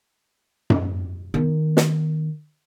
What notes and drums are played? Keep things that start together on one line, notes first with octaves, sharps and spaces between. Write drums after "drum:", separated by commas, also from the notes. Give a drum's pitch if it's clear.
drum: tom F#2
D#3 B3
drum: snare